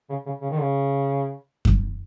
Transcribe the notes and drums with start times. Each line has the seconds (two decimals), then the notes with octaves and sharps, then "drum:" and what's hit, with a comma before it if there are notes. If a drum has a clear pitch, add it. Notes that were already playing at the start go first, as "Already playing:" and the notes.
0.09 C#3
0.26 C#3
0.41 C#3
0.50 D#3
0.60 C#3
1.65 drum: kick F#2